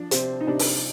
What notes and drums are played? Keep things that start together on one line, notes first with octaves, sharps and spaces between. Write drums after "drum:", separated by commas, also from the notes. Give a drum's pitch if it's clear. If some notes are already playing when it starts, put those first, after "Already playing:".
Already playing: F3 D4
C3 C4, drum: hi-hat
D#4
C3 D4
drum: open hi-hat